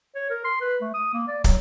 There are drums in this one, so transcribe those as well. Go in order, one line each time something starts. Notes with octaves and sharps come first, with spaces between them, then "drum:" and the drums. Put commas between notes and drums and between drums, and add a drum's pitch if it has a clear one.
C#5
A#4
C6
B4
A3
D#6
A#3
D5
F#3, drum: kick, hi-hat